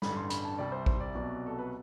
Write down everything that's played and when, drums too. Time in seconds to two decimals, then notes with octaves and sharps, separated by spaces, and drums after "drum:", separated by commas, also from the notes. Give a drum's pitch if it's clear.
0.02 A1 G2 D3 G3 B5, drum: snare
0.17 C6
0.30 B5, drum: hi-hat
0.45 A5
0.58 C2 C3 G3 D5
0.72 C5
0.86 C5, drum: kick A1
1.00 D5
1.15 C2 B2 F#3
1.46 A4
1.58 B4